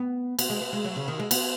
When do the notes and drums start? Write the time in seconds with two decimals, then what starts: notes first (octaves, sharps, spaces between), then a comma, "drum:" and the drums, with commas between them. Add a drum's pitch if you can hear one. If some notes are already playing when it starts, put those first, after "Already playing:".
Already playing: B3
0.39 B3, drum: cymbal
0.50 G#3
0.61 B3
0.73 G#3
0.85 F#3
0.96 C#3
1.08 D#3
1.20 G#3
1.31 B3, drum: cymbal